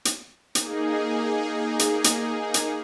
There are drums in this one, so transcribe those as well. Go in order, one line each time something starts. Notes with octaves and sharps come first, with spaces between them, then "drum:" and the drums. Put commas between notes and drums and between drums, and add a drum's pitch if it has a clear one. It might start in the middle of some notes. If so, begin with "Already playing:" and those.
drum: hi-hat
A#3 D#4 G#4, drum: hi-hat
drum: hi-hat
drum: hi-hat
drum: hi-hat